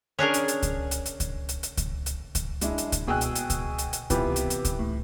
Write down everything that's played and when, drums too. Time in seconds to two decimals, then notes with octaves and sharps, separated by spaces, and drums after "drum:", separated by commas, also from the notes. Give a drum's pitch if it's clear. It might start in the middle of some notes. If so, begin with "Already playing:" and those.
0.19 C#4 D4 G#4 A#4
0.34 drum: hi-hat
0.48 drum: hi-hat
0.63 drum: kick C#2, hi-hat
0.91 drum: hi-hat
1.06 drum: hi-hat
1.20 drum: kick C#2, hi-hat
1.49 drum: hi-hat
1.63 drum: hi-hat
1.77 drum: kick C#2, hi-hat
2.06 drum: hi-hat
2.35 drum: kick C#2, hi-hat
2.61 G#3 D4 E4, drum: hi-hat
2.78 drum: hi-hat
2.92 drum: kick C#2, hi-hat
3.07 B2 G#4 G5 E6 F#6
3.21 drum: hi-hat
3.35 drum: hi-hat
3.50 drum: kick C#2, hi-hat
3.79 drum: hi-hat
3.93 drum: hi-hat
4.10 C3 E3 B3 F4 G4 B4, drum: kick C#2, hi-hat
4.36 drum: hi-hat
4.50 drum: hi-hat
4.65 drum: kick C#2, hi-hat
4.79 A2